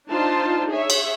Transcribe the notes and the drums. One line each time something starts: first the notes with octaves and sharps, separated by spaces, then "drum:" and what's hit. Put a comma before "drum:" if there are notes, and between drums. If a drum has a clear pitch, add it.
D4 D#4 F4 C5 A5
G#4 C#5 E5
drum: cymbal